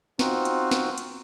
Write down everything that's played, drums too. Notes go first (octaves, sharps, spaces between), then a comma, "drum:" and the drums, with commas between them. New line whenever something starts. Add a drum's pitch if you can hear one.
C4 D#4 F4 F#4, drum: snare
drum: hi-hat
drum: snare
drum: hi-hat